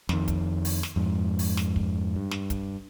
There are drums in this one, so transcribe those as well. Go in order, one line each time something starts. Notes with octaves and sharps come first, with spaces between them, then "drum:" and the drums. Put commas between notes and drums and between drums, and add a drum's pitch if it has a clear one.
F2 D#3, drum: snare
drum: kick, hi-hat
drum: open hi-hat
drum: snare
F2 G#2
drum: open hi-hat
drum: snare
drum: kick
G2
drum: snare
drum: kick, hi-hat